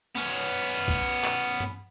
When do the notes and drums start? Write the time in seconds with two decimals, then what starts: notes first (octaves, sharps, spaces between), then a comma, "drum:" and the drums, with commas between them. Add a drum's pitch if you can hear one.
0.16 B3 C#4
0.88 drum: kick C2
1.24 drum: clap
1.60 drum: tom G2